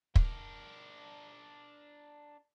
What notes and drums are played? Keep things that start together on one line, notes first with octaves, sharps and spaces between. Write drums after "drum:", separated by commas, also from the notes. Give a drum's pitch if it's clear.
D4 A#4, drum: kick